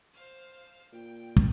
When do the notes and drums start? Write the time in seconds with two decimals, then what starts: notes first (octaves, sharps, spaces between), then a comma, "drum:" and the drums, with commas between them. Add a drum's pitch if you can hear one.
0.13 C5 F5
0.92 A#2 G5
1.36 drum: kick